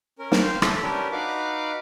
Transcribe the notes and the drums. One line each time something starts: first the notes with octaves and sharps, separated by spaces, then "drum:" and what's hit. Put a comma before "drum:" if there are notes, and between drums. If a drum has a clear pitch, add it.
C#4 A#4
drum: snare
C5 F5 G5
E4 A4 B4 C#5 B5, drum: rim click
C#4 D4 G4 A#4 B4
D#4 F#4 B4 F5 F#5 D6